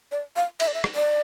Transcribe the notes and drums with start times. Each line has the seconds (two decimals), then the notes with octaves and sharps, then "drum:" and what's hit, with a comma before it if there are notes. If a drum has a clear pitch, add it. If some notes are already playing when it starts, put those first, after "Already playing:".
0.12 D5
0.36 F5
0.60 E5, drum: cymbal
0.67 D5
0.74 E5
0.84 drum: rim click
0.95 D5